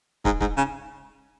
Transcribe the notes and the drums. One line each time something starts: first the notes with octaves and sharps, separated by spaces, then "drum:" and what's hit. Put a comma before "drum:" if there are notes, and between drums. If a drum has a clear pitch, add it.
G#2, drum: kick
G#2, drum: kick
C#3